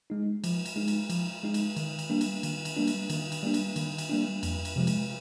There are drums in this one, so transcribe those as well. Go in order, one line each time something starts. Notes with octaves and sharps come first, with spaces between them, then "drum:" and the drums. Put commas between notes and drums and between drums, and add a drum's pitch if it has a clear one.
G#3 D#4
F3, drum: cymbal
drum: cymbal
G#3 D#4
drum: cymbal
F3, drum: cymbal
G#3 D#4
drum: cymbal
D#3, drum: cymbal
drum: cymbal
G3 A#3 D4
drum: cymbal
D#3, drum: cymbal
drum: cymbal
G3 A#3 D4
drum: cymbal
D#3, drum: cymbal
drum: cymbal
G3 A#3 D4
drum: cymbal
D#3, drum: cymbal
drum: cymbal
G3 A#3 D4
F2, drum: cymbal
drum: cymbal
C3 F3 G#3
drum: cymbal